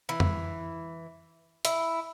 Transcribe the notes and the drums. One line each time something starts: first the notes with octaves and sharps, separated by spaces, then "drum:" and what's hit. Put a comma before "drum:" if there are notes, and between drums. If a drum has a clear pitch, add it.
E3
drum: tom F2
E4, drum: hi-hat